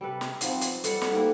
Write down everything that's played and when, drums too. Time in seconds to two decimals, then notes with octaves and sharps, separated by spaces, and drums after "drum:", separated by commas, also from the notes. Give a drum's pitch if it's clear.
0.01 C3 G3 A4 B4
0.21 drum: snare
0.41 F3 B3 C4 D#4, drum: hi-hat
0.61 drum: hi-hat
0.84 G3 A4 B4 F#5, drum: hi-hat
1.02 drum: snare
1.12 G#2 G3 A#3 E4